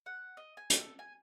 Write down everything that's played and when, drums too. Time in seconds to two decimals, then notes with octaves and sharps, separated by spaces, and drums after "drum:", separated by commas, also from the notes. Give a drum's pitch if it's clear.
0.06 F#5
0.37 D#5
0.57 G#5
0.70 drum: hi-hat
0.80 A4
0.99 G#5